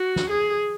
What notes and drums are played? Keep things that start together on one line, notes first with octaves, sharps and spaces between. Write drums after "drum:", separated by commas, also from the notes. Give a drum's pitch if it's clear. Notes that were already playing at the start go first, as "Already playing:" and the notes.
Already playing: F#4
drum: snare
G#4